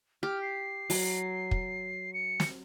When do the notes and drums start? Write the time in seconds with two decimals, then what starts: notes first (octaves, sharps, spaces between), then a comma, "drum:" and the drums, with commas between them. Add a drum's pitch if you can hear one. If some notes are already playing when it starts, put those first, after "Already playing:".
0.23 G4 F6
0.42 C7
0.90 F#3, drum: open hi-hat
1.51 drum: kick
2.14 C#7
2.40 drum: snare